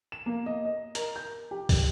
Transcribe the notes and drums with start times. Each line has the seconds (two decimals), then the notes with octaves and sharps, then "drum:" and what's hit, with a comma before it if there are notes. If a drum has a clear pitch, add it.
0.12 E7
0.26 A#3
0.46 D#5
0.65 D#5
0.95 A#4, drum: hi-hat
1.16 G6
1.51 G4
1.69 drum: kick, open hi-hat